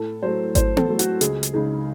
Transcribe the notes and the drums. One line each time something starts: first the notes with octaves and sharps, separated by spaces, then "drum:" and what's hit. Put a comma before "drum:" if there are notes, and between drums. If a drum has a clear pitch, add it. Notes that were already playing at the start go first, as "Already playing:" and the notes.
Already playing: A2 A4
F#3 A3 C5
A2 C5, drum: kick G#1, hi-hat
A4, drum: tom B3
F#3 A3
F#4, drum: hi-hat
C#2 G#4, drum: hi-hat
drum: hi-hat
C#3 G#3 D#4